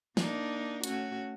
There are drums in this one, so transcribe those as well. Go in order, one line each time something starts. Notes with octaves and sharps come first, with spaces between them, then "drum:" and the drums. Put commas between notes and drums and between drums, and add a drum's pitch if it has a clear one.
A#3 D4 D#4, drum: snare
A3 C#4 F#4, drum: hi-hat